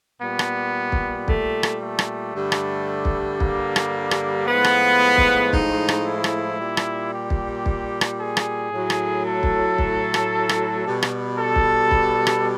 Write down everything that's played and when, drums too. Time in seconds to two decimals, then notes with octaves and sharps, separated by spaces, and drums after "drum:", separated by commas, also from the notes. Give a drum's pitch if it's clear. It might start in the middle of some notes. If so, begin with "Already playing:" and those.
0.21 A#2 G3 B3
0.39 drum: rim click
0.92 drum: kick
1.28 A3, drum: kick
1.63 drum: rim click
1.81 A3
1.99 drum: rim click
2.35 G2 D3 G3
2.52 drum: rim click
3.05 drum: kick
3.40 A#3, drum: kick
3.76 drum: rim click
4.11 drum: rim click
4.47 A2 F3 G#3 B3
4.64 drum: rim click
5.18 drum: kick
5.53 D#4, drum: kick
5.89 drum: rim click
6.07 E4
6.24 drum: rim click
6.60 A#2 G3
6.77 drum: rim click
7.13 G4
7.30 drum: kick
7.66 drum: kick
8.01 drum: rim click
8.19 G#4
8.37 drum: rim click
8.71 A2 F#3
8.90 drum: rim click
9.26 A4
9.43 drum: kick
9.78 drum: kick
10.14 drum: rim click
10.49 drum: rim click
10.85 B2 G3
11.03 drum: rim click
11.38 A4
11.56 drum: kick
11.91 drum: kick
12.27 drum: rim click